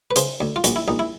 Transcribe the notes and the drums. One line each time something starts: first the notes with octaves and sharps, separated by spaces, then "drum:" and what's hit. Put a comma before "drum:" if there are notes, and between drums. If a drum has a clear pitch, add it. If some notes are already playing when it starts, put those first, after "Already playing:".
B4
C#3 C5, drum: hi-hat
D2
F4
A#1 F#4, drum: hi-hat
E4
A#1 D#4
E4